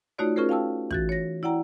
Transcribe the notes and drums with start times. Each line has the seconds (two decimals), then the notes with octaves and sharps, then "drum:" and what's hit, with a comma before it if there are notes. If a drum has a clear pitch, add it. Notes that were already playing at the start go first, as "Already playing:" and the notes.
0.18 A3 D#4 F4 F#4 C#5 D5
0.36 C#4 F4 G#4 A#4 C5
0.49 F5 G5 A5 E6
0.91 E3 F#4 A6, drum: kick
1.09 C#5 A#6
1.43 E4 D5 F#5 G5 A#5